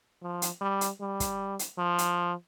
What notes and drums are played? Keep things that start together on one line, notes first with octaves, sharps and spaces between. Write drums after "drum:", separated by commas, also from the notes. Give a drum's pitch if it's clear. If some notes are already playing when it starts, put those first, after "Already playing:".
F3
drum: hi-hat
G3
drum: hi-hat
G3
drum: kick, hi-hat
drum: hi-hat
F3
drum: hi-hat